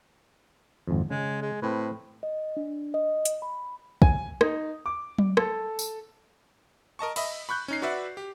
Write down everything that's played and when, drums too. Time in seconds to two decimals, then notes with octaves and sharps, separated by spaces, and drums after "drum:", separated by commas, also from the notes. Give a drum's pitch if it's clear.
0.88 G#1 F2
1.11 C#3 G#3
1.42 G#3
1.62 A2 C4 B4
2.23 D#5
2.57 D4
2.94 D#5
3.25 drum: hi-hat
3.42 B5
4.02 G#5, drum: kick
4.41 D#4, drum: rim click
4.86 D6
5.18 drum: tom F#3
5.37 A4, drum: rim click
5.79 drum: tambourine
6.99 A#4 D#5 A5 C#6
7.16 D#5 E5 B5, drum: cymbal
7.49 B5 C#6 F#6 G6
7.68 C#4 D#4 C7
7.82 F#4 B4 D5 E5 F#5
8.17 G4